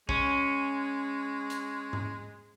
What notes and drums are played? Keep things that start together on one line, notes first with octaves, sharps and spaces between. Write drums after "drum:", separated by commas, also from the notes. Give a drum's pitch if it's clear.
G#3 C#4, drum: kick A1
drum: hi-hat
drum: tom G#2